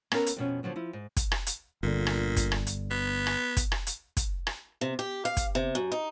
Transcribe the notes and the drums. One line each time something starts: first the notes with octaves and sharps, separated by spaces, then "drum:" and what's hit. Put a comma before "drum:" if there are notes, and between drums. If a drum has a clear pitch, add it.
B3 C#4 A4 A#4, drum: rim click
drum: hi-hat
F2 B2 C#4
D3 F3 F#3 B3
F3 E4
G#2
drum: kick, hi-hat
drum: rim click
drum: hi-hat
G1 A#2 D3
drum: rim click
drum: kick, hi-hat
drum: rim click
drum: hi-hat
B3
drum: rim click
drum: kick, hi-hat
drum: rim click
drum: hi-hat
drum: kick, hi-hat
drum: rim click
C3
G4
F5
drum: kick, hi-hat
C3
F#2
D#4